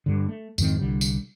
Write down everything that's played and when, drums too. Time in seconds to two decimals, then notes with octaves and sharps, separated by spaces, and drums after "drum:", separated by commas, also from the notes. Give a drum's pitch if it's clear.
0.06 G2 D3
0.29 A3
0.58 F2 G#2 D#3 C4, drum: tambourine
0.79 C2 D3 G3
1.01 drum: tambourine